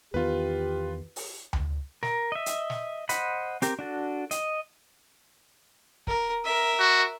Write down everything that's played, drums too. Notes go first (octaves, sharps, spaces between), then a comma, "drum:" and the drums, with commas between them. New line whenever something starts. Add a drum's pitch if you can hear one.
E2 D#3 B3 F4 G4 B4
drum: open hi-hat
drum: tom D2
A#4, drum: snare
D#5 E5
drum: hi-hat
drum: snare
C5 D#5 F#5 B5, drum: hi-hat
C4 G4 A#4, drum: hi-hat
D4 F#4 A4
D#5, drum: hi-hat
A#4, drum: kick
A#4 E5
F#4